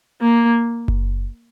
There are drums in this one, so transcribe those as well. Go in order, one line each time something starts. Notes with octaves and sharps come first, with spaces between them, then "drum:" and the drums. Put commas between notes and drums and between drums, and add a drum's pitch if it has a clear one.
A#3
drum: kick F#1